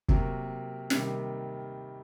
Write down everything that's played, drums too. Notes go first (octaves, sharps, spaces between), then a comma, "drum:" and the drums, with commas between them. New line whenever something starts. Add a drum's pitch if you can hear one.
C3 F#3 A#3 A#4, drum: kick
C3 D#3 G3 A#3, drum: snare